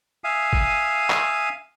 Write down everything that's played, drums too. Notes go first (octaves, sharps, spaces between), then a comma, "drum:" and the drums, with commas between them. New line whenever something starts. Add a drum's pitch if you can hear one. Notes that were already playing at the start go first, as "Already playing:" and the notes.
E5 F5 G#5 D#6
drum: kick
drum: clap